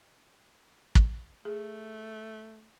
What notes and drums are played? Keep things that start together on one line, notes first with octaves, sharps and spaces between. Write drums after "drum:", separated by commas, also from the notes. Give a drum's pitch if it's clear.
drum: kick
A3 G#4